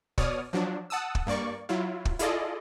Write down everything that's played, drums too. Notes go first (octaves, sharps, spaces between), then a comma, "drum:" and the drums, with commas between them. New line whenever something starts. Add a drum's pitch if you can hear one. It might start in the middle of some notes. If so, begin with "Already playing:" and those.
B2 C#5 D5 D#6 F6, drum: kick
F3 F#3 D4
F#5 A5 D#6 E6
drum: kick
G2 A#3 D5 C#6
F#3 E4 F4
drum: kick
E4 F4 G#4 A4 D5 D#5, drum: hi-hat